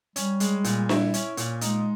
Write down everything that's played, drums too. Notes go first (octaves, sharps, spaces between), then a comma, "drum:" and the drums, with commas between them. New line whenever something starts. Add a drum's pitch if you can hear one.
G3 C#4, drum: hi-hat
G#3, drum: hi-hat
A#2, drum: hi-hat
E4, drum: snare D4
C#4, drum: hi-hat
A#2, drum: hi-hat
G#3 D#4, drum: hi-hat